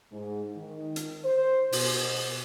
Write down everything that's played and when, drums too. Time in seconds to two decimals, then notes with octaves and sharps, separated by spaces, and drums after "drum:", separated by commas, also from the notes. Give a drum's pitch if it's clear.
0.12 G#2
0.56 D#3
0.96 drum: hi-hat
1.25 C5
1.72 B2, drum: open hi-hat